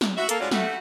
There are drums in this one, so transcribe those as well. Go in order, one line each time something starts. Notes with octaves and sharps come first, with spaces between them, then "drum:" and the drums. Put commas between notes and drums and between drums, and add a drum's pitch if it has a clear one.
drum: snare
F#4 E5
A#3 A4, drum: hi-hat
A2 G#3 C#4 F4 F#4 D5
G3 A3 F#4, drum: snare